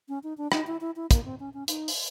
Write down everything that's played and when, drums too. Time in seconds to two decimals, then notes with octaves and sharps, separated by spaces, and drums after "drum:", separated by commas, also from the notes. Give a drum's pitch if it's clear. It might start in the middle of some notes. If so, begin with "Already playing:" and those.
0.09 C#4
0.23 D#4
0.38 D4
0.52 D#4, drum: rim click
0.67 E4
0.81 E4
0.96 E4
1.11 A#3, drum: kick, hi-hat
1.25 C4
1.40 C#4
1.54 C#4
1.68 D#4, drum: hi-hat
1.88 drum: open hi-hat